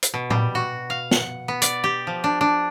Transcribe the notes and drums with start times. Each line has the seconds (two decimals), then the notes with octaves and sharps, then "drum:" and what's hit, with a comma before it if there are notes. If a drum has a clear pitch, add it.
0.03 drum: hi-hat
0.14 B2
0.30 G3, drum: tom A2
0.55 F#4
0.90 F5
1.11 F#5, drum: snare
1.48 B3
1.62 D5, drum: hi-hat
1.84 G4
2.07 F3
2.24 D4
2.41 D4